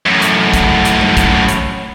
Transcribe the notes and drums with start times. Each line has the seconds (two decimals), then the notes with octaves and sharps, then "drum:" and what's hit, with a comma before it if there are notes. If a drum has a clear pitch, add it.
0.06 F#2 A2
0.22 drum: hi-hat
0.54 drum: kick, hi-hat
0.85 drum: hi-hat
1.01 drum: tom G3
1.17 drum: kick, hi-hat
1.48 drum: hi-hat